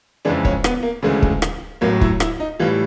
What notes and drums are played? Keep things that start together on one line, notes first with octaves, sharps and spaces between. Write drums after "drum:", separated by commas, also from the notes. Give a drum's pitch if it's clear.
F2 C#3 E3 G#3 D4
C#4, drum: kick
B3, drum: rim click
A#3
D2 C#3 E3 G#3 A3
drum: kick
drum: rim click
A1 A2 F#3 A#3
E4, drum: kick
E4, drum: rim click
D#4
A2 E3 G3 F4